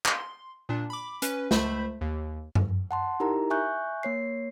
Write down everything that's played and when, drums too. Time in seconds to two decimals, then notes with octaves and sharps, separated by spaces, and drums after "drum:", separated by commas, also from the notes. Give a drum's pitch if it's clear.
0.05 C6, drum: clap
0.69 A#2 D4
0.90 B5 D6
1.22 C#4 B4, drum: hi-hat
1.51 C#2 A3 C5 E5 B5, drum: snare
2.01 D#2
2.55 drum: tom F#2
2.91 F#5 A5 C6
3.20 D#4 E4 G4 A#4 A#5
3.50 E5 G#5 C#6 F#6 G6
4.03 A#3 C#5 C7